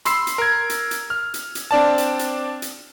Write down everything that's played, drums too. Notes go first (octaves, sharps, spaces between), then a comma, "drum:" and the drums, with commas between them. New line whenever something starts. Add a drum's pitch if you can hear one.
B5 C6 E6 C7, drum: hi-hat
drum: hi-hat
A#4 G#6
drum: hi-hat
drum: hi-hat
F6
drum: hi-hat
drum: hi-hat
C4 D4 D5 A5
drum: hi-hat
drum: hi-hat
drum: hi-hat